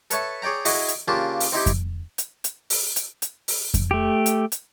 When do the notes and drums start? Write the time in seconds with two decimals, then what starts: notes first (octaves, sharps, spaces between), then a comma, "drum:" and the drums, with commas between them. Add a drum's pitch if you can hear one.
0.11 A4 B4 C#5 E5 A5, drum: hi-hat
0.42 G#4 C#5 D5 G5 A#5
0.65 E4 F#4 G#4 D#5, drum: open hi-hat
0.88 drum: hi-hat
1.08 C#3 A#3 D4 F4 G4 A5
1.40 drum: open hi-hat
1.52 C4 D#4 E4 G4
1.66 drum: kick F2, hi-hat
2.18 drum: hi-hat
2.44 drum: hi-hat
2.70 drum: open hi-hat
2.96 drum: hi-hat
3.22 drum: hi-hat
3.48 drum: open hi-hat
3.74 drum: kick F2, hi-hat
3.91 A3 G4
4.26 drum: hi-hat
4.52 drum: hi-hat